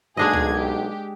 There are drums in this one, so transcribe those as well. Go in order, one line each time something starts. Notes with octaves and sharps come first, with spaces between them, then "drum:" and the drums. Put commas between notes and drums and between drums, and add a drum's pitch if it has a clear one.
B1 G#3 A#3 D4 G#4 D#5 G#6
drum: tom C#2
G4